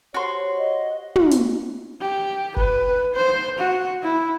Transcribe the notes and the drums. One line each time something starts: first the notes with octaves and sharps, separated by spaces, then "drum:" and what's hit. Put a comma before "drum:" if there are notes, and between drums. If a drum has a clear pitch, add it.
F#4 G4 C5 C#5 C6
D#5
drum: tom
drum: hi-hat
G4
B4, drum: kick F#1
C5
F#4
E4